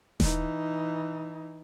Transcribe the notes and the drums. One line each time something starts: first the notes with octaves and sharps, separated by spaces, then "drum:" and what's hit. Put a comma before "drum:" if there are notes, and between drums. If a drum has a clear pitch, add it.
E3 D#4, drum: snare D#1